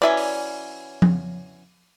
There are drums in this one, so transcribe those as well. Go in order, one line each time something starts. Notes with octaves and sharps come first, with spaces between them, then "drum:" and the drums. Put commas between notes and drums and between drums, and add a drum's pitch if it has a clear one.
E3 F#3 C#4 D5 E5
drum: open hi-hat
drum: tom F3